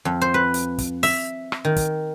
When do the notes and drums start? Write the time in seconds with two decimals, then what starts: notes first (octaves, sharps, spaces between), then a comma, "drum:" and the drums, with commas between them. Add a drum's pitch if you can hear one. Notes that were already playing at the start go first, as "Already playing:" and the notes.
0.05 F2
0.21 C5
0.34 B4
0.54 drum: hi-hat
0.78 drum: kick, hi-hat
1.03 E5, drum: open hi-hat
1.52 drum: rim click
1.65 D#3
1.76 drum: kick, hi-hat